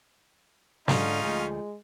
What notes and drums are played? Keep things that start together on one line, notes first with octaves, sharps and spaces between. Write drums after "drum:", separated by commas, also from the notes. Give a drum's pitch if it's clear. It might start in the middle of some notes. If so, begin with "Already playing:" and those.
G#2 D3 C#4 D#4 F4, drum: snare
D2 F3 G#3